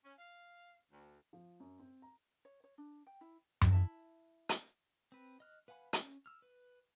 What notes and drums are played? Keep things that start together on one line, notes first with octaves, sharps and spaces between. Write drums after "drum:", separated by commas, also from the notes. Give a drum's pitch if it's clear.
C#4
F5
D2
F3
F#2
C4
A#5
C#5
C#5
D4
G5
E4
drum: tom F#2
E4 E5 A5
drum: hi-hat
C4 B4
D#5 F6 F#6
B4 F5 F#5 G#5 B5
C#4, drum: hi-hat
E6 F6
B4